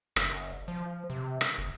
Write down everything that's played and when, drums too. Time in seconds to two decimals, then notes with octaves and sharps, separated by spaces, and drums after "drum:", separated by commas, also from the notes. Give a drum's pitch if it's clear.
0.16 F#1, drum: rim click
0.68 F3
1.10 C3
1.41 drum: rim click
1.58 F#1